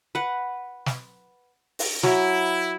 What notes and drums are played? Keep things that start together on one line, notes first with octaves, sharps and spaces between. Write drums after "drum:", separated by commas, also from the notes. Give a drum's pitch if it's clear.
B4 F#5
drum: snare
drum: open hi-hat
F#3 E4, drum: snare